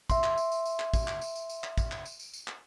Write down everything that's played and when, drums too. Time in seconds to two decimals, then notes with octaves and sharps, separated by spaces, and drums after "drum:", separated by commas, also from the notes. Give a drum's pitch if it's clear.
0.10 E5 C6, drum: kick, tambourine
0.24 drum: clap
0.38 drum: tambourine
0.52 drum: tambourine
0.66 drum: tambourine
0.80 drum: clap
0.94 drum: kick, tambourine
1.08 drum: clap
1.22 drum: tambourine
1.36 drum: tambourine
1.50 drum: tambourine
1.64 drum: clap
1.78 drum: kick, tambourine
1.92 drum: clap
2.06 drum: tambourine
2.20 drum: tambourine
2.34 drum: tambourine
2.48 drum: clap